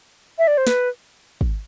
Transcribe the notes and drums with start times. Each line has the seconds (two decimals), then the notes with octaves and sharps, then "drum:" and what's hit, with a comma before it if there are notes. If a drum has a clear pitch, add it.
0.38 E5
0.48 D5
0.58 C5
0.67 B4, drum: snare
1.41 drum: kick